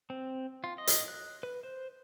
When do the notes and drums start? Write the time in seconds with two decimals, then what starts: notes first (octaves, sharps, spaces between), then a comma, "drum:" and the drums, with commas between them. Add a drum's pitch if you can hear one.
0.10 C4
0.64 F4
0.78 D#5
0.87 drum: hi-hat
1.08 F#6
1.43 B4
1.63 C5